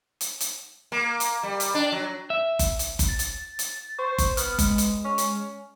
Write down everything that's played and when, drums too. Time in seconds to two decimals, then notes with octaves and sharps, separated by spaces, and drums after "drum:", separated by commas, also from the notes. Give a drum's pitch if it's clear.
0.21 drum: hi-hat
0.40 drum: hi-hat
0.92 A#3
1.20 drum: hi-hat
1.43 G3
1.60 drum: hi-hat
1.74 D4
1.92 F#3
2.30 E5
2.59 drum: kick F#1, hi-hat
2.79 drum: hi-hat
2.99 drum: kick F#1, hi-hat
3.09 A6
3.19 drum: hi-hat
3.59 drum: hi-hat
3.99 C5 C#6
4.18 drum: kick F#1, hi-hat
4.37 B3 F6, drum: hi-hat
4.59 G#3, drum: kick F#1, hi-hat
4.78 drum: hi-hat
5.05 C#4
5.18 drum: hi-hat